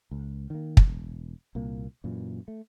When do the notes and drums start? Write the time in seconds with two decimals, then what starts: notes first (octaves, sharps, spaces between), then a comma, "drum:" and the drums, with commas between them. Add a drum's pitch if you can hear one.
0.11 C#2
0.50 D#3 A#3
0.77 drum: kick
0.87 E1
1.55 C2 A#2 A#3
2.04 F#2 A#2 E3
2.48 A3